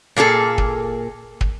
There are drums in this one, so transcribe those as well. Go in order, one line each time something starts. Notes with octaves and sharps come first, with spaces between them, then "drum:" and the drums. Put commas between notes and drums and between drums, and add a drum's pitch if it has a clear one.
A#2 A#3 G#4 A4
drum: kick
drum: kick